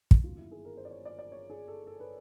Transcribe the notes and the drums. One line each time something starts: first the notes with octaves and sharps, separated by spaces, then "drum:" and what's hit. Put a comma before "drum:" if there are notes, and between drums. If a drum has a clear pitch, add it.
drum: kick
G1 F#2 D#3 F#3 A#3 F4
E4
G#4
A#4
C5
D5
C#5
D5
D5
C#5
G#4
A4
A4
B4